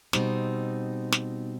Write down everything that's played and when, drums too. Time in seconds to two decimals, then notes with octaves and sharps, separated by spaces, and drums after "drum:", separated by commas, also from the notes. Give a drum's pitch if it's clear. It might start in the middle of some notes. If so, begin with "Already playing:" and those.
0.13 B2 G3 C4 D#4, drum: snare
1.13 drum: snare